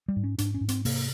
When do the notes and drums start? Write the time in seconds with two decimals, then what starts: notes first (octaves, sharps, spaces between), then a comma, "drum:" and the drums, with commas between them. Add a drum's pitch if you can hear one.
0.08 G3
0.16 G#2
0.24 C#4
0.38 G#2 D4, drum: hi-hat
0.54 C#4
0.61 G#2
0.68 C4, drum: hi-hat
0.85 C3 A#3, drum: open hi-hat